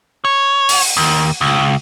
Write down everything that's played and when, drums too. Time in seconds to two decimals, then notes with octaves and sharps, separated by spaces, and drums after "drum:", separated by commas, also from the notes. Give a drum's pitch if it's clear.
0.25 C#5
0.69 drum: open hi-hat
0.97 D#2
1.41 C#2